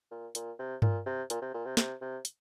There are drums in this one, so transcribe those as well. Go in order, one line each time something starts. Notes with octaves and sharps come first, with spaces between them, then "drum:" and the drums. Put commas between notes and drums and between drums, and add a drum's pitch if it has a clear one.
A#2
A#2, drum: hi-hat
C3
A#2, drum: tom G2
C3
A#2, drum: hi-hat
C3
A#2
C3
C3, drum: snare
C3
drum: hi-hat